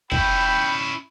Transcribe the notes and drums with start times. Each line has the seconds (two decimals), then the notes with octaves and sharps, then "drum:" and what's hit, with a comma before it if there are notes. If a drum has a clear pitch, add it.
0.12 C#4 E4 G5 B5, drum: kick